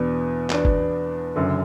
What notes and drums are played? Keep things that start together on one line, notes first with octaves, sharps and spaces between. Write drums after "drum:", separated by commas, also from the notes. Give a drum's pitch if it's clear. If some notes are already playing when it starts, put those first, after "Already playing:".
Already playing: E2 B2 B3 D4
E2 B2 B3 D4, drum: clap
drum: kick
F#1 F#2 D3